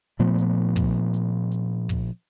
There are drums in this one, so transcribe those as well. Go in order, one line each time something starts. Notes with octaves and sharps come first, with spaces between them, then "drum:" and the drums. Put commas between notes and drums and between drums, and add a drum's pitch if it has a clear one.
A#2 F3 A3 B3
drum: hi-hat
drum: kick, hi-hat
drum: hi-hat
drum: hi-hat
drum: kick, hi-hat